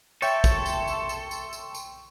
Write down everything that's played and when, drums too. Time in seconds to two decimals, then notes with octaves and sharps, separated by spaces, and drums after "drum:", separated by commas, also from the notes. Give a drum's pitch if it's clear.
0.22 A4 C#5 E5 G5 C6 C#6, drum: tambourine
0.44 drum: kick, tambourine
0.66 drum: tambourine
0.87 drum: tambourine
1.09 drum: tambourine
1.31 drum: tambourine
1.53 drum: tambourine
1.74 drum: tambourine